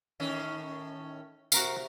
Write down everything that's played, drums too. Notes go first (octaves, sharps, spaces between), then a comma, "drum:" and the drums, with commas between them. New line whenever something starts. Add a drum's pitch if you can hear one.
A2 D#3 C#4
C3 F#4 A#4 F5, drum: tambourine